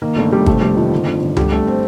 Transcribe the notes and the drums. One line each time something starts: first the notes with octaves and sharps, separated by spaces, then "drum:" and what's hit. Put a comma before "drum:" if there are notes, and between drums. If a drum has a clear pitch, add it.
D#3 A#3
G1 A3
G1 G3
C3 A3, drum: kick
F1 G3
D#3 F3
D3
G1
G1
D3 G3, drum: tom C#2
G1 A3
C4